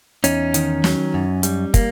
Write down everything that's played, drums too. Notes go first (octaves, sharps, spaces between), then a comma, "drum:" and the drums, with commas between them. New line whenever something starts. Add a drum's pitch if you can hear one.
E2 C#4 D#4, drum: hi-hat
D#3, drum: hi-hat
F#3, drum: snare
F#2
G3, drum: hi-hat
A#3, drum: kick, hi-hat